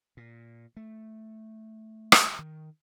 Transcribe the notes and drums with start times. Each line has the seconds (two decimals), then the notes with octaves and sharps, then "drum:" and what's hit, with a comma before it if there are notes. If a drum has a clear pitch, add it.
0.17 A#2
0.77 A3
2.12 drum: rim click
2.39 D#3